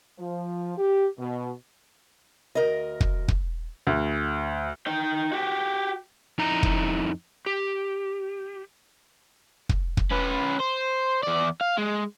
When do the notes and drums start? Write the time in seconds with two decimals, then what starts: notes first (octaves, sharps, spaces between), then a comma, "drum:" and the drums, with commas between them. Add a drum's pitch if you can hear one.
0.19 F3
0.78 G4
1.19 B2
2.55 D2 A#4 D#5
3.01 drum: kick
3.28 drum: kick
3.87 D2
4.87 D#4 G5
5.32 F#4 G4
6.38 F2 D#4 E4 A#5
6.63 drum: kick
7.46 G4
9.69 drum: kick
9.97 drum: kick
10.11 C#4 B4
10.60 C5
11.23 E2 D5
11.61 F5
11.78 G#3